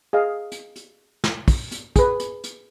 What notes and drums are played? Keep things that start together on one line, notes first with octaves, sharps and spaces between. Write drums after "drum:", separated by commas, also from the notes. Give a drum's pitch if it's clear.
G#4 D#5 F5
drum: hi-hat
drum: hi-hat
drum: snare
drum: kick, open hi-hat
drum: hi-hat
G#4 B4, drum: kick, hi-hat
drum: hi-hat
drum: hi-hat